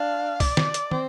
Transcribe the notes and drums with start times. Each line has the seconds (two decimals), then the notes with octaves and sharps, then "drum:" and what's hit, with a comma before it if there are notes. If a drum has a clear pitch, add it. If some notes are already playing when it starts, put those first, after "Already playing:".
Already playing: D4 F5
0.40 D5, drum: kick, open hi-hat
0.57 drum: snare
0.74 drum: hi-hat
0.91 C4, drum: tom